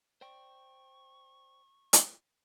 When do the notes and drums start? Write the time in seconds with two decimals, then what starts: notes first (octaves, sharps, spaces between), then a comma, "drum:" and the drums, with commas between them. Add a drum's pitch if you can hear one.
0.21 C5 D5 G5 C#6
1.93 drum: hi-hat